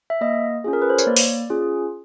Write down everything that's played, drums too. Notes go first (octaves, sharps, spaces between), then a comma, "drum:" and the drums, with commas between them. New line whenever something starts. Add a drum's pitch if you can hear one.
E5
A#3 D#5
C#4 F4 G#4
A#4
B4
C5
C#5, drum: tambourine
A#3 D5
drum: open hi-hat
C#4 F4 G#4